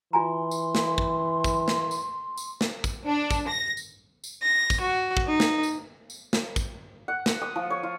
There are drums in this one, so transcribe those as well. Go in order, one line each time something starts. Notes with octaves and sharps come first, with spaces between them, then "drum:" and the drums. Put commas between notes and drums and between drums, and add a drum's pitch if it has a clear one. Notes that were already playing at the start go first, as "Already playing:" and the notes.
E3 F4 G#5 A#5 C6
drum: tambourine
drum: snare
drum: kick
drum: kick, tambourine
drum: snare
drum: tambourine
drum: tambourine
drum: snare
drum: kick, tambourine
D4
drum: kick, tambourine
A#6
drum: tambourine
drum: tambourine
A#6
drum: kick, tambourine
F#4
drum: kick
D#4
drum: snare
drum: tambourine
drum: tambourine
drum: snare
drum: kick, tambourine
F#5
drum: snare
D#6
F3
C#5
F4